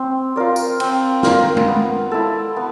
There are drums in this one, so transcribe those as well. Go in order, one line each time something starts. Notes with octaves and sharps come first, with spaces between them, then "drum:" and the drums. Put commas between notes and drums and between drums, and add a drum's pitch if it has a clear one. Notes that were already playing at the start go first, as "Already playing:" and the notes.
Already playing: C4
F4 A#4 D5
drum: tambourine
C4, drum: cymbal
F4 A#4 D5, drum: snare
drum: tom G#3
B3
E4 A4
B3